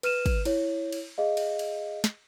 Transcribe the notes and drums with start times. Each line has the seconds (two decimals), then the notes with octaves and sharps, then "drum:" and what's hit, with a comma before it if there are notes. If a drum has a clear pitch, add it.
0.03 B4 F6 D#7 E7, drum: cymbal
0.26 drum: kick, cymbal
0.45 E4 C#5, drum: cymbal
0.92 drum: cymbal
1.18 G#4 D#5 F5
1.37 drum: cymbal
1.59 drum: cymbal
2.04 drum: snare